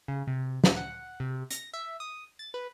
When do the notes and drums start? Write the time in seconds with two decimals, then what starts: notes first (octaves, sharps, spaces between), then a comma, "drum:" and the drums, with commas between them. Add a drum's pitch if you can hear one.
0.08 C#3
0.27 C3
0.64 drum: snare
0.76 F#5
1.20 C3
1.51 A#6, drum: hi-hat
1.74 E5
2.00 D#6
2.39 A6
2.54 B4